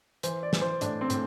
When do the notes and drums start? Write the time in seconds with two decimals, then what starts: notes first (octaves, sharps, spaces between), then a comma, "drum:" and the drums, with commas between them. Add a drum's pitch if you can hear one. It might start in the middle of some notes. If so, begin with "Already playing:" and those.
0.23 E3 C5, drum: hi-hat
0.43 D5
0.53 E3, drum: snare
0.62 C5
0.81 A2 D4, drum: hi-hat
1.01 C4
1.10 A2, drum: hi-hat